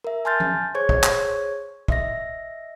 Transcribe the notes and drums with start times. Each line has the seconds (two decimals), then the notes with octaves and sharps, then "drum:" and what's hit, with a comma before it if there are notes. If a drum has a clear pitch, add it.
0.04 A#4 E5
0.25 G#5 A5 C6 F6 G6 A6
0.40 drum: tom F3
0.75 G#4 C5 C#5 C#6 G#6
0.89 drum: kick
1.03 drum: clap
1.88 D#5 E5 A#6, drum: kick